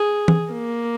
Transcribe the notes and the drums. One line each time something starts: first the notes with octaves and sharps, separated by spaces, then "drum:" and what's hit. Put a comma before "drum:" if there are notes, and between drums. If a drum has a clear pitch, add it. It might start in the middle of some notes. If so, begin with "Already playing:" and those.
Already playing: G#4
drum: tom
A#3